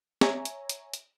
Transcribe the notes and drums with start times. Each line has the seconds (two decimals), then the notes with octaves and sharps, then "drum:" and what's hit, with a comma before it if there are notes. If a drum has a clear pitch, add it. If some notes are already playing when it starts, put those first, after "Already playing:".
0.21 C#5 E5 G#5 A#5, drum: snare
0.45 drum: hi-hat
0.69 drum: hi-hat
0.93 drum: hi-hat